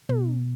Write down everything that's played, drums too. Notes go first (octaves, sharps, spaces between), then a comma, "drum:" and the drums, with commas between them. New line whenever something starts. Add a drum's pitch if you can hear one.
B2, drum: tom